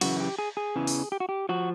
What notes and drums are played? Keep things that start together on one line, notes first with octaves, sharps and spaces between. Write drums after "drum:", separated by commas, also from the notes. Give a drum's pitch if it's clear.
F#2 C#3 E3 F#4, drum: cymbal
G4
G#4
G#4
E2 C#3 E3
drum: open hi-hat
G4
F#4
G4
F3 F#4